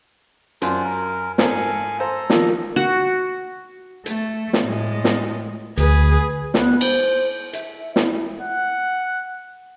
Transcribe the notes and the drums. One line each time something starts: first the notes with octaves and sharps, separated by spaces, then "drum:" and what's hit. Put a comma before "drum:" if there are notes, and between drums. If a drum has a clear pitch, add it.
F#2 D4 F4 C5, drum: hi-hat
A#4
G#2 A4 A#4 F5 G#5, drum: snare
A4 C5 A#5
D#3 F3 A#3, drum: snare
F#4
A3, drum: hi-hat
drum: snare
A2 G#3
drum: snare
D2 G#4 B4, drum: hi-hat
B3, drum: snare
C5, drum: cymbal
E5, drum: hi-hat
E4, drum: snare
F#5